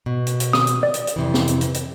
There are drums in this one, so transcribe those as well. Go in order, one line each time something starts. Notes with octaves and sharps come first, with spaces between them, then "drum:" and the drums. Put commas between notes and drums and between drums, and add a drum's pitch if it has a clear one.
B2
drum: hi-hat
drum: hi-hat
D#6, drum: snare
drum: hi-hat
D5
drum: hi-hat
drum: hi-hat
F2 C3 E3
drum: snare
drum: hi-hat
drum: hi-hat
drum: hi-hat